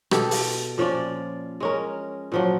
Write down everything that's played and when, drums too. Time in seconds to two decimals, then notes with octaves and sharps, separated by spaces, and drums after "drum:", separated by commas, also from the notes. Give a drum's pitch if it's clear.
0.11 B2 G4 A4, drum: rim click
0.31 drum: open hi-hat
0.78 A#2 F3 C#4 D5
1.60 G#3 C#4 A#4
2.32 A#2 F3 F#3